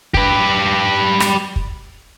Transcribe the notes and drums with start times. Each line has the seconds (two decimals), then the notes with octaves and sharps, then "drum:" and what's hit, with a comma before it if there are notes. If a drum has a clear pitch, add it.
0.14 G4 B4, drum: kick
1.20 drum: rim click
1.56 drum: kick